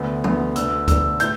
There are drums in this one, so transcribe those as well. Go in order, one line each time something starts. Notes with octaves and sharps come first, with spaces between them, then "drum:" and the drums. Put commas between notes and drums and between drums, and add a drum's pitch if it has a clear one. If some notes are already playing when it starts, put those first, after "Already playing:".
Already playing: D2 D3 B3
D2 D3 B3, drum: tom E3
D2 D3 B3 E6, drum: hi-hat
D2 D3 B3 E6, drum: kick C#2, hi-hat
A2 E3 G6, drum: hi-hat